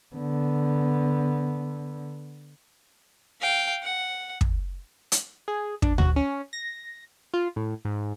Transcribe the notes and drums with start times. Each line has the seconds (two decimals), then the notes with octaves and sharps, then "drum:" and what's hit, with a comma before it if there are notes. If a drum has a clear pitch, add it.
0.15 D3 B3
3.41 F5 G5
3.83 F#5
4.41 drum: kick
5.12 drum: hi-hat
5.48 G#4
5.82 D4, drum: kick
5.98 F#4, drum: tom D2
6.16 C#4
6.53 A#6
7.34 F4
7.56 A2
7.85 G#2